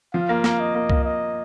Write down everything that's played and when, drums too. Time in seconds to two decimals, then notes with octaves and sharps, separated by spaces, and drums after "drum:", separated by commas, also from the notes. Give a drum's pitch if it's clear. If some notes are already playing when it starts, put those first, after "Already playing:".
0.14 F3 F5
0.29 A#3
0.44 A#3, drum: snare
0.60 D#5
0.75 A#3
0.90 A#3, drum: kick C2
1.05 D#5